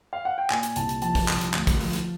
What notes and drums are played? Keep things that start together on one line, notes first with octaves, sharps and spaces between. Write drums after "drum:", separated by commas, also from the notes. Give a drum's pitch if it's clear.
F5
F#5
G5
A#2 G#5, drum: clap
drum: hi-hat
C2 A5, drum: hi-hat
drum: hi-hat
F3 A5, drum: hi-hat
drum: kick, open hi-hat
C2, drum: clap
drum: hi-hat
D2, drum: clap
drum: kick, hi-hat
F3, drum: open hi-hat
drum: hi-hat